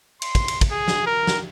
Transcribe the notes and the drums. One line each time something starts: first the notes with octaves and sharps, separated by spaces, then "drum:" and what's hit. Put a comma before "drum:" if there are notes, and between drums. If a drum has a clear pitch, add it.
C6, drum: cymbal
drum: kick, cymbal
drum: cymbal
drum: kick, cymbal
G#4
drum: snare
A#4
drum: snare